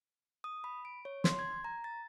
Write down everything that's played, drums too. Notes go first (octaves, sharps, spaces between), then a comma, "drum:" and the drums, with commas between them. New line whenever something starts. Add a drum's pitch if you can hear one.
D#6
B5
D7
C#5
C6, drum: snare
G#6
A#5
A6